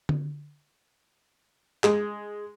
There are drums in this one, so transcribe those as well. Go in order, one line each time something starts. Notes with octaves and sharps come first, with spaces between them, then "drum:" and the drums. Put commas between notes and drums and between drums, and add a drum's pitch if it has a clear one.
drum: tom D3
G#3, drum: clap